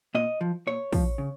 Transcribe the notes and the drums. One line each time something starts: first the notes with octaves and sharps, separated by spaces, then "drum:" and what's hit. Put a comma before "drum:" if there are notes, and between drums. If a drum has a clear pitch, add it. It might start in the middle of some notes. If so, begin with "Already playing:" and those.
A#2 D#5
F3
A#2 C#5
F3, drum: kick, open hi-hat
C#3